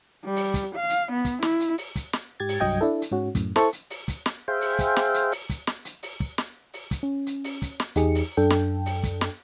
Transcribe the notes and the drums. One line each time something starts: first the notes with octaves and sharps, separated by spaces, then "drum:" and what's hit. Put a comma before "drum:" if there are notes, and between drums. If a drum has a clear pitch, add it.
G3
drum: open hi-hat
drum: kick, hi-hat
F5
drum: hi-hat
B3
drum: kick, hi-hat
E4, drum: snare
drum: hi-hat
drum: open hi-hat
drum: kick, hi-hat
drum: snare
G#2 G4 G#6 A6
drum: open hi-hat
C2 G2 F#3 D#5 G5 G#6
D4 E4 A4
drum: hi-hat
G#2 C#4 F#4
F#2 A2, drum: kick, hi-hat
E4 A4 C5 A5 C#6, drum: snare
drum: hi-hat
drum: open hi-hat
drum: kick, hi-hat
drum: snare
G#4 C5 E5 F5 G5
drum: open hi-hat
drum: kick, hi-hat
drum: snare
drum: hi-hat
drum: open hi-hat
drum: kick, hi-hat
drum: snare
drum: hi-hat
drum: open hi-hat
drum: kick
drum: snare
drum: open hi-hat
drum: kick, hi-hat
C#4
drum: hi-hat
drum: open hi-hat
drum: kick, hi-hat
drum: snare
E2 D#4 G4 G#4 C#7, drum: hi-hat
drum: open hi-hat
F#2 D4 A4 G5
drum: snare
drum: open hi-hat
drum: kick, hi-hat
drum: snare